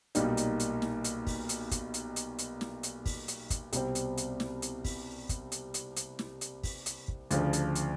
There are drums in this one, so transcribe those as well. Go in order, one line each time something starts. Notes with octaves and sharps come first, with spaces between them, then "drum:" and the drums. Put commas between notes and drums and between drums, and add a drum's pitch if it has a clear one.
B1 A#2 G3 A#3 D#4, drum: hi-hat
drum: hi-hat
drum: hi-hat
drum: snare
drum: hi-hat
drum: kick, open hi-hat
drum: hi-hat
drum: kick, hi-hat
drum: hi-hat
drum: hi-hat
drum: hi-hat
drum: snare
drum: hi-hat
drum: kick, open hi-hat
drum: hi-hat
drum: kick, hi-hat
C2 B2 G3 C4, drum: hi-hat
drum: hi-hat
drum: hi-hat
drum: snare
drum: hi-hat
drum: kick, open hi-hat
drum: kick, hi-hat
drum: hi-hat
drum: hi-hat
drum: hi-hat
drum: snare
drum: hi-hat
drum: kick, open hi-hat
drum: hi-hat
drum: kick
D2 C#3 F3, drum: hi-hat
drum: hi-hat
drum: hi-hat